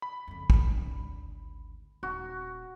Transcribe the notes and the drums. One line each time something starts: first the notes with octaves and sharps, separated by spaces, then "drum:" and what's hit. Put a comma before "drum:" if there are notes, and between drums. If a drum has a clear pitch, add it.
B5
F#1 F2
G#1 D2, drum: kick
D#1 F#4